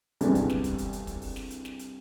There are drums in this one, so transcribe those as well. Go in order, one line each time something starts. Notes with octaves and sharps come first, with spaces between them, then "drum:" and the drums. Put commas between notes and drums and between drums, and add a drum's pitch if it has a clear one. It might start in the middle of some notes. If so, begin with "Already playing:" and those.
C2 G2 B2 D3 E3 G#3, drum: hi-hat
drum: kick, hi-hat
drum: snare
drum: kick, hi-hat
drum: hi-hat
drum: hi-hat
drum: kick, hi-hat
drum: open hi-hat
drum: snare
drum: hi-hat
drum: snare
drum: hi-hat